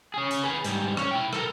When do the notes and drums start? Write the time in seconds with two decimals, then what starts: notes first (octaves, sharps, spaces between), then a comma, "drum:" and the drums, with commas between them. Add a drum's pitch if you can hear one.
0.14 C#4 G#4
0.31 drum: hi-hat
0.43 G#4 B4
0.64 G#2 G3, drum: hi-hat
0.97 C#4, drum: rim click
1.11 E4 G5
1.33 A4 A#4, drum: rim click